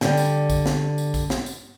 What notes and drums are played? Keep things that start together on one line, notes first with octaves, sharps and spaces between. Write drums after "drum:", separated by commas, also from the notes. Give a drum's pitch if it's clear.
D3 G3, drum: snare
drum: tambourine
drum: kick A#1, tambourine
drum: snare
drum: tambourine
drum: kick A#1, tambourine
drum: snare
drum: tambourine